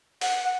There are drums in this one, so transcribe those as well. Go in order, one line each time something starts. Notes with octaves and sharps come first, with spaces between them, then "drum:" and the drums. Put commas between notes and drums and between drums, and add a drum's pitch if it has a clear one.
F#5, drum: open hi-hat
F#5